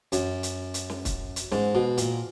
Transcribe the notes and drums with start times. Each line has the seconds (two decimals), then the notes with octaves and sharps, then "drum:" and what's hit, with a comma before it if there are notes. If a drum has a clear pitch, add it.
0.12 F#2, drum: hi-hat
0.43 drum: hi-hat
0.74 drum: hi-hat
0.90 drum: snare
1.05 drum: kick, hi-hat
1.36 drum: hi-hat
1.52 G#2, drum: snare
1.75 B2
1.98 A#2, drum: hi-hat